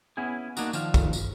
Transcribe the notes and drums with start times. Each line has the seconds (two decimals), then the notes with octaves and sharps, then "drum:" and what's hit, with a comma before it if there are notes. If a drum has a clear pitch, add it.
0.17 B3 C#4 E4 G#4
0.57 A#3 D4 D#4 F#4, drum: tambourine
0.73 D#3 F3 D4 F5, drum: tambourine
0.94 drum: kick, tambourine
1.13 drum: tambourine